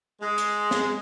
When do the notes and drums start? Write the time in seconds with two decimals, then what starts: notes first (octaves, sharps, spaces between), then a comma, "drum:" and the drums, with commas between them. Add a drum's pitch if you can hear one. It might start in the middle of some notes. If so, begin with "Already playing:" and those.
0.21 G#3
0.38 drum: hi-hat
0.71 drum: snare